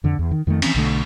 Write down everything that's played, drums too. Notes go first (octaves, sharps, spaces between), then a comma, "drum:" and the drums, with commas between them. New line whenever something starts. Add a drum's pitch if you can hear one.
F2 D3
E2
D#3
F2 D#3 G3 A3
E3 C4 C#4, drum: cymbal
B1 D3 A3